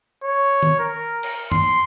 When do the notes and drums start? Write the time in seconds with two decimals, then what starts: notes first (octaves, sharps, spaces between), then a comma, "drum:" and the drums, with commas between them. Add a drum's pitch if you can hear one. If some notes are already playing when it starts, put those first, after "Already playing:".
0.23 C#5
0.63 drum: tom D#3
0.79 A#4
1.23 drum: cymbal
1.51 C6, drum: tom F#2